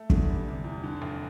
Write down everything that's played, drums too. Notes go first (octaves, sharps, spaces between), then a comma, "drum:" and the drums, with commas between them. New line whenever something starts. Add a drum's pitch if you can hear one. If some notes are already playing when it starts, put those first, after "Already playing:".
Already playing: A3
E2 D3, drum: kick
G3
C3
E2
D3
F1